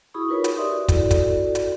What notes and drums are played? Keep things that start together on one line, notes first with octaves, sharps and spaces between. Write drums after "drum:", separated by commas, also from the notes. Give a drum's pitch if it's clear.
E4 F#4 G#4 B5 C#6 D#6
D#4 F4 A#4 B4 C#5
drum: hi-hat
G4 D5 E5 C6 D#6
F#4
E4 F#4 A4 D5, drum: kick, hi-hat
drum: kick, hi-hat
drum: hi-hat